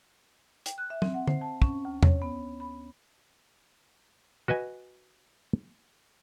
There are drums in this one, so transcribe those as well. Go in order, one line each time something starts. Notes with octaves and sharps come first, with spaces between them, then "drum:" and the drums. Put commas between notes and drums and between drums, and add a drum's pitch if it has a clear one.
G5, drum: hi-hat
F#6
E5
C4, drum: tom
F#5
C5, drum: tom
A5
C#4, drum: kick
D2
C#5, drum: tom E2
B3
B5
F#4 B4 D#5 G#5